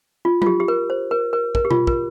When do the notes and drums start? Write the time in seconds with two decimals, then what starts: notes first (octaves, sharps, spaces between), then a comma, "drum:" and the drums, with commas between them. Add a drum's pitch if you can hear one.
0.25 F4
0.42 F4, drum: tom F#3
0.46 G4
0.60 G4
0.68 A#4
0.90 C5
1.11 A#4
1.33 A#4
1.55 A#4, drum: kick
1.65 G4
1.71 F4, drum: tom B2
1.87 A#4, drum: kick